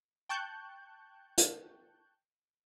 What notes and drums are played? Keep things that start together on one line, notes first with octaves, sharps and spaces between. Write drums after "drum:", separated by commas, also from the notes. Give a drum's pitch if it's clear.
G5 A5 C#6 F#6 G6
drum: hi-hat